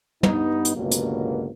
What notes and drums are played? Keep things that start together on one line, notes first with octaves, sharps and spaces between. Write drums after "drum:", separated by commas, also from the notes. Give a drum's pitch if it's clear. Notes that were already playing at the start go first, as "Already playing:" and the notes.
G2 B3 D#4, drum: tom
drum: hi-hat
G1 C#2 G2 B2 F#3 A#3
drum: hi-hat